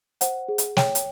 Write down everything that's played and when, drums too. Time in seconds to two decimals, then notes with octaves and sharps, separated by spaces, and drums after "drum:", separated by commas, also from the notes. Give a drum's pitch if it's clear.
0.21 C5 F#5, drum: hi-hat
0.49 G#4
0.58 drum: hi-hat
0.77 C#5 G5, drum: snare
0.95 drum: hi-hat